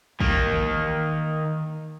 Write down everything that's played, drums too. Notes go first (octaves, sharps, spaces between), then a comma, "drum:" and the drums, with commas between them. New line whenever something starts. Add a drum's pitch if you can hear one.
D#3 A#3, drum: kick
drum: tom D#3